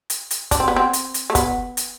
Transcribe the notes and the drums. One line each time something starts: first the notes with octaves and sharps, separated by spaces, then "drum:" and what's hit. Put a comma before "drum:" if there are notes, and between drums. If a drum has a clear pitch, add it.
drum: hi-hat
drum: hi-hat
D4, drum: kick, hi-hat
C4
B3
C4
drum: hi-hat
drum: hi-hat
A3
B3, drum: kick, hi-hat
drum: hi-hat